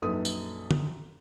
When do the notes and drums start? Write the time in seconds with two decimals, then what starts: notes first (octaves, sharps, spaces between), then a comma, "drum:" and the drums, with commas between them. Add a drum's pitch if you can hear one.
0.02 A#1 F#2 D#4 A4 B4 D#6
0.25 drum: tambourine
0.71 drum: tom D3